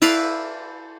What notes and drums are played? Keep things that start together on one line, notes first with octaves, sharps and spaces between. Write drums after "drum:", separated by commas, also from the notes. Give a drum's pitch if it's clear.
E4 B4 D5 F5, drum: cymbal